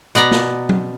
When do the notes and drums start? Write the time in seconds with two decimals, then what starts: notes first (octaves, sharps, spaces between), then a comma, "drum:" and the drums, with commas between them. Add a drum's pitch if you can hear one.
0.15 B2 B3 D5 A#5, drum: hi-hat
0.31 drum: snare
0.69 drum: tom F#3